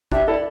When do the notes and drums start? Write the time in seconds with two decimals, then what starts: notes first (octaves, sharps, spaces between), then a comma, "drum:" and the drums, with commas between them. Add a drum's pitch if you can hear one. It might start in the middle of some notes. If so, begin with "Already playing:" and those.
0.12 D4 G4 E5, drum: kick G1
0.27 E4 A4 D5